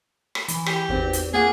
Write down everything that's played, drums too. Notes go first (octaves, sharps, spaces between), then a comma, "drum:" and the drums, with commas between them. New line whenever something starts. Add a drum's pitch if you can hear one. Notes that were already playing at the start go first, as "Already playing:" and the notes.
drum: rim click
E3, drum: hi-hat
G4, drum: rim click
G#1 E2 C4
drum: hi-hat
A#3 F4 G#4 F#5